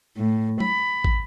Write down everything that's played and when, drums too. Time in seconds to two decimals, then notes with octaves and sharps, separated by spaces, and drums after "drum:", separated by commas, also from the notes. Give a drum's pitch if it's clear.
0.17 A2
0.60 B5, drum: tom F#3
1.04 drum: kick